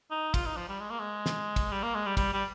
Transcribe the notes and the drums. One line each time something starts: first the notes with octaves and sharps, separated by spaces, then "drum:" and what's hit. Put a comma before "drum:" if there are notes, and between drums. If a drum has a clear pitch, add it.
D#4
F4, drum: kick, cymbal
D#4
F3
G3
G#3
A#3
G#3
drum: snare
drum: kick, cymbal
G3
A#3
G#3
G3
G3, drum: kick, cymbal
G3